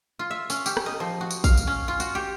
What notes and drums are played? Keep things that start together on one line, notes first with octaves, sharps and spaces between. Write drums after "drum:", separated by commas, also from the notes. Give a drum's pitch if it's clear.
F4
E5
C#4, drum: tambourine
G4, drum: tambourine
drum: rim click
D#5
F3
F#4
drum: tambourine
F5, drum: kick, tambourine
drum: tambourine
C#4
F4
F#4, drum: tambourine
G4